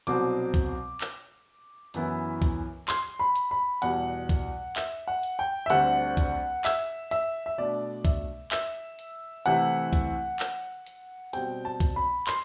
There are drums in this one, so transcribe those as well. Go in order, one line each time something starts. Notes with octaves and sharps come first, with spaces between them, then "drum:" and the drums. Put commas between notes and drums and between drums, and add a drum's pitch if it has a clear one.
C2 B2 F#3 C4 D6, drum: hi-hat
drum: kick B1, hi-hat
drum: clap
F#2 E3 B3 E4, drum: hi-hat
drum: kick B1, hi-hat
C6, drum: clap
B5
drum: hi-hat
B5
E2 B2 G3 F#5, drum: hi-hat
drum: kick B1, hi-hat
E5, drum: clap
F#5
drum: hi-hat
G5
E5
D2 D3 G3 C4 F#5, drum: hi-hat
drum: kick B1, hi-hat
E5, drum: clap
E5, drum: hi-hat
E5
B2 A3 D4 D5
E5, drum: kick B1, hi-hat
E5, drum: clap
drum: hi-hat
C3 E3 A3 E4 F#5, drum: hi-hat
drum: kick B1, hi-hat
drum: clap
drum: hi-hat
B2 G3 C4 G5, drum: hi-hat
A5
drum: kick B1, hi-hat
B5
C6, drum: clap